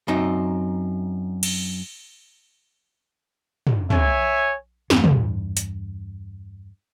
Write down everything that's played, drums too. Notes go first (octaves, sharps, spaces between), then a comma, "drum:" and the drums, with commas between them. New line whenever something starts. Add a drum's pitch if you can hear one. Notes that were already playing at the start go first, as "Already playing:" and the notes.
F#2 C4 D#4
drum: cymbal
drum: tom
C#5 E5 G#5, drum: tom
E2 G2, drum: snare
drum: tom
drum: hi-hat